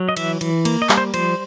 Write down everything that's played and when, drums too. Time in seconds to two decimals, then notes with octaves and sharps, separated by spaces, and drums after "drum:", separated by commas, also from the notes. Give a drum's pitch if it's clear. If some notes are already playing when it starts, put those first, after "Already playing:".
Already playing: F#3
0.09 D#5
0.17 E3 E5, drum: cymbal
0.41 E3, drum: cymbal
0.65 A#3, drum: cymbal
0.82 D#5
0.89 G3, drum: clap
0.98 C5
1.14 F3 C5, drum: cymbal